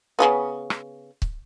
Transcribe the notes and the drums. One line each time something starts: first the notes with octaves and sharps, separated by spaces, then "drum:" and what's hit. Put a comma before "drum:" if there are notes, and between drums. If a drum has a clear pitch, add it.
C#3 A3 B3
drum: rim click
drum: kick C#1